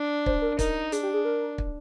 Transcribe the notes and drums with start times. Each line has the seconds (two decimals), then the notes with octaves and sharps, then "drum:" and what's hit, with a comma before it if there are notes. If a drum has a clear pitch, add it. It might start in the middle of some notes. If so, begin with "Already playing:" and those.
Already playing: D4
0.26 C5, drum: kick
0.42 A#4
0.59 D#4 A#4, drum: kick, hi-hat
0.92 D4 G#4, drum: hi-hat
1.03 G4
1.14 G#4
1.25 A#4
1.58 drum: kick